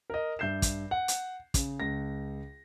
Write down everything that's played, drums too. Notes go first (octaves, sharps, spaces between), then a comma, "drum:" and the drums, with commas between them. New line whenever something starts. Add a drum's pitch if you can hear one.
A#4 D#5
G2 E5 G6 C7 E7
drum: kick, hi-hat
F#5
drum: hi-hat
C#3, drum: kick, hi-hat
C#2 A#6